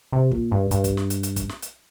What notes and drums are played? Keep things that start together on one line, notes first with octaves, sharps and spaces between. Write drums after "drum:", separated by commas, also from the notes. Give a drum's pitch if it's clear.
C3
A#2, drum: kick
G2
G2, drum: hi-hat
drum: kick, hi-hat
drum: snare
drum: hi-hat
drum: hi-hat
drum: kick, hi-hat
drum: snare
drum: hi-hat